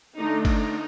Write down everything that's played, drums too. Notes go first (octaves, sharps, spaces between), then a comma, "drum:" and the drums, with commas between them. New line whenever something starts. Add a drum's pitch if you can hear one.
D3 A3 D4 D#4
D#4, drum: kick, cymbal